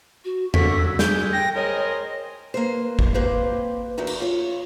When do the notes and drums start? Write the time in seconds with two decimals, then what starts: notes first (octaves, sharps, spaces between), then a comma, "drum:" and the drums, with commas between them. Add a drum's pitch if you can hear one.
0.25 F#4
0.54 D3 A#3 A4 C#6 B6, drum: tom E2
0.78 F#3 E6
0.99 G#3 G6, drum: snare
1.33 G5 A#6
1.56 G#4 A#4 C5 C#5 D#5
2.54 A#3 B4 C5
2.99 drum: kick G#1
3.14 A#3 C4 G4 B4 C5
3.97 E2 D#4 E4 F#4 A#4
4.07 drum: cymbal
4.20 F4 C#5